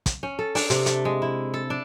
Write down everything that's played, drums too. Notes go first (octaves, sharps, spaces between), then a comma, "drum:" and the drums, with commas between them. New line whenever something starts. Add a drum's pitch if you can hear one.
drum: kick, hi-hat
C#4
A4
D4, drum: open hi-hat
C3, drum: hi-hat
A3, drum: hi-hat
G#3
E4
A4
D4